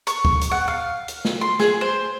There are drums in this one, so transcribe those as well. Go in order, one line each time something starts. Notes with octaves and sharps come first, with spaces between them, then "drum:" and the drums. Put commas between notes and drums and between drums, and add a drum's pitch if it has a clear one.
C#6, drum: hi-hat
drum: kick C#2
drum: hi-hat
F#5
F5
drum: hi-hat
drum: snare
C6
G#4, drum: snare
C5